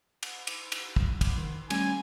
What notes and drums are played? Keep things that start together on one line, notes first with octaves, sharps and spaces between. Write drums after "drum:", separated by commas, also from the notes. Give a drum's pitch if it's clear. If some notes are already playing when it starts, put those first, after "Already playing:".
drum: cymbal
drum: cymbal
drum: cymbal
drum: kick
drum: kick, cymbal
D#3
G3 A3 C#4 G#5, drum: cymbal